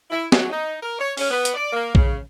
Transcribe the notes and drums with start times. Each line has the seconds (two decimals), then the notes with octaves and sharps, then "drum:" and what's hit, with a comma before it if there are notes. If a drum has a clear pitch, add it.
0.11 E4
0.32 F#3, drum: snare
0.50 D#4
0.83 A#4
0.99 C#5
1.17 C#4, drum: open hi-hat
1.31 B3
1.45 drum: hi-hat
1.54 D5
1.73 A#3
1.95 C#3, drum: kick A#1